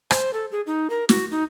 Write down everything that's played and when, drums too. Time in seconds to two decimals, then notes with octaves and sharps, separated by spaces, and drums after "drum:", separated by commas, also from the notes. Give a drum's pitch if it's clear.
0.11 C5, drum: rim click
0.33 A4
0.51 G#4
0.67 D#4
0.90 A#4
1.09 F#4, drum: snare
1.31 D#4